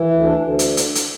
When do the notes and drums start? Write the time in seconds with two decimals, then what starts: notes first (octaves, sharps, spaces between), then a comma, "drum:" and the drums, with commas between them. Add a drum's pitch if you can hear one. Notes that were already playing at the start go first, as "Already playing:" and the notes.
Already playing: E3
0.11 D2
0.23 D4
0.35 D2
0.59 drum: hi-hat
0.77 drum: hi-hat
0.95 drum: hi-hat